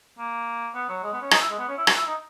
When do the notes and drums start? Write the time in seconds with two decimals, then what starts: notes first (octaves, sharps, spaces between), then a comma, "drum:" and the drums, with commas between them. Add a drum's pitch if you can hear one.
0.18 A#3
0.74 B3
0.89 F#3
1.03 G#3
1.13 B3
1.21 C#4
1.31 D#4, drum: rim click
1.40 E4
1.50 G#3
1.58 B3
1.68 C#4
1.78 E4
1.87 F#4, drum: rim click
1.96 E4
2.06 D#4